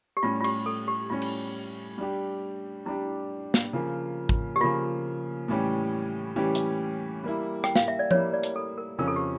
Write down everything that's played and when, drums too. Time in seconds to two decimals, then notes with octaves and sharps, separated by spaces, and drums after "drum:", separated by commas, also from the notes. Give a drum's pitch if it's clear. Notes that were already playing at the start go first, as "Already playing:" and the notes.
0.17 G4
0.23 A2 G3 C#4 F4
0.41 F4
0.44 G4, drum: cymbal
0.66 A4
0.88 G4
1.10 A2 G3 C#4 F4
1.22 drum: cymbal
1.98 G3 D4 G4
2.86 G3 D4 E4 G4
3.54 drum: snare
3.73 C#3 F3 A#3
4.29 drum: kick
4.56 G4
4.61 C#3 F3 A#3 F4
5.48 A2 E3 G3 C#4 G4
6.36 A2 E3 G3 C#4 G4
6.55 drum: hi-hat
7.24 G3 A#3 E4
7.64 G5, drum: rim click
7.76 F5, drum: snare
7.88 E5
7.99 D5
8.11 G3 A#3 E4 C#5, drum: tom F3
8.33 D5
8.44 drum: hi-hat
8.56 A4
8.78 A#4
8.98 F2 C#3 F3 C#4 A#4
9.08 A4
9.16 G4